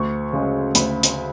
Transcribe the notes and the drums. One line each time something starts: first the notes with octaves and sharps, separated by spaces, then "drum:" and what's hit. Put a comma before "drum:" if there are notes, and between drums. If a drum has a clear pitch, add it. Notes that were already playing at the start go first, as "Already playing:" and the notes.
Already playing: D2 C#6
C#3 G#3
D2 B5, drum: hi-hat
drum: hi-hat